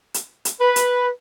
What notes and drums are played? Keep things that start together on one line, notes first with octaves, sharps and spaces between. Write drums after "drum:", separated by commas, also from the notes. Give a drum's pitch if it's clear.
drum: hi-hat
drum: hi-hat
B4
drum: hi-hat